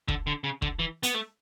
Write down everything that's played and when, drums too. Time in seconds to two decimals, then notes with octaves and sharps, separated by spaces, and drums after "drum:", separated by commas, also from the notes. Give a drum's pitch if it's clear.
0.08 D3, drum: kick
0.27 D3
0.44 C#3
0.62 D3, drum: kick
0.79 E3
1.03 B3, drum: hi-hat
1.14 A3